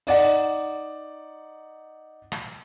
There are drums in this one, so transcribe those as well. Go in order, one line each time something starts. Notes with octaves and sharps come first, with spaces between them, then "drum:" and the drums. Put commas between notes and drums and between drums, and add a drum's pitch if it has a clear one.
D#4 D5 F#5, drum: open hi-hat
drum: rim click